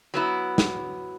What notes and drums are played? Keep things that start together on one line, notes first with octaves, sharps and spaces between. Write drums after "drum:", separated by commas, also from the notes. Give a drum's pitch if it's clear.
F#3 B3 E4
drum: snare